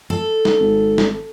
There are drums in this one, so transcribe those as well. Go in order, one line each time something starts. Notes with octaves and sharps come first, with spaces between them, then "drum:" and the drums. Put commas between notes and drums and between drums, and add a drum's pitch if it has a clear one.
A4
drum: snare
G#1
drum: snare